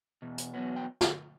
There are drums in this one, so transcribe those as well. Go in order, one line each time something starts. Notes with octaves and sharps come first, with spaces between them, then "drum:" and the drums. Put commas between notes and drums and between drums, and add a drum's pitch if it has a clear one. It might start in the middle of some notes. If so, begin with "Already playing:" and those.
E2 B2
drum: hi-hat
E2 B2 F#3 B3
G5
drum: snare